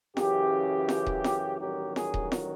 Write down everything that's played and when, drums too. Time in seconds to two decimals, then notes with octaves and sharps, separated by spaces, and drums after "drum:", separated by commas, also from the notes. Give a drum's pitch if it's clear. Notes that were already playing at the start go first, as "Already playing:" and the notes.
0.17 F#2 C#3 E3 G4, drum: snare F4
0.89 drum: snare F4
1.06 drum: kick D#1
1.24 drum: snare F4
1.60 A1 G2 D#3 F#3 G4
1.96 G#4, drum: snare F4
2.14 drum: kick D#1
2.32 drum: snare F4